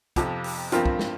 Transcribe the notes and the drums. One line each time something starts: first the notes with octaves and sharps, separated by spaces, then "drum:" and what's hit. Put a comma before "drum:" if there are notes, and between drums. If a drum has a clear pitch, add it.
F2 C3 F3, drum: kick, hi-hat
drum: open hi-hat
G2 F3 C4 F4 A#4, drum: hi-hat
drum: kick
drum: snare